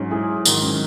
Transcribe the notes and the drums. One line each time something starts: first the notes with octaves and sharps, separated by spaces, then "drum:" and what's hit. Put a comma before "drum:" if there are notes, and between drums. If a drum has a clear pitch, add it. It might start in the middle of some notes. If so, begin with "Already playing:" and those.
Already playing: G#2 F#3 C#4
E4 G#4
G#2 D#3 F#3, drum: tambourine
C#4